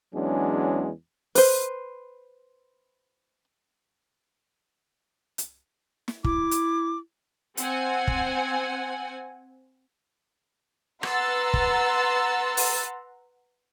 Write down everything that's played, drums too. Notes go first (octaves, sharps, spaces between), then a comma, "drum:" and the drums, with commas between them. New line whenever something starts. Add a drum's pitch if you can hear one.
E2 F#3 G#3 C#4 D4
B4 C5, drum: open hi-hat
drum: hi-hat
drum: snare
E4 D6, drum: kick
drum: hi-hat
C4 F#5 G#5, drum: hi-hat
drum: kick
B4 F#5 A#5 C6 E6 A6, drum: rim click
drum: kick
drum: open hi-hat